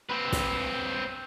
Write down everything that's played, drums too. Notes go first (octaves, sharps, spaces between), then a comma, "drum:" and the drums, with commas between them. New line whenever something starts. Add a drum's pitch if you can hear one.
C4 B4
drum: snare